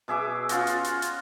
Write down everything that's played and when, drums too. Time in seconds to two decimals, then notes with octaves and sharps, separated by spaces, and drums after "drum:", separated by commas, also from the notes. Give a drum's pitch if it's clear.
0.08 B2 G#4 E5 D6
0.49 C#4 F4 F#4, drum: hi-hat
0.67 drum: hi-hat
0.84 drum: hi-hat
1.02 drum: hi-hat